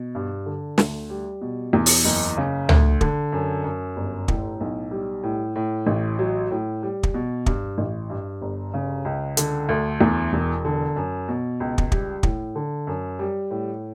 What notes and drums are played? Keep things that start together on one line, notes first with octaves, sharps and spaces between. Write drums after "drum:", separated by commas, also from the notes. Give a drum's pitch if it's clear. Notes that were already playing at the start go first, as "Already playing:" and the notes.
Already playing: B2
G2
D3
D2, drum: snare
G3
B2
E2
drum: open hi-hat
F#1
C#3
D2, drum: tom C#2
D3, drum: kick
F#2
F#2
G1
A2, drum: kick
B1
G3
A2
A2
A1
F#3
A2
G3
drum: kick
B2
G2, drum: kick
A1
G2
G1
C#3
C#2
D3, drum: hi-hat
D2
E2
E1
D3
F#2
B2
C#2
drum: kick
G3, drum: kick
A2, drum: kick
D3
F#2
G3
A2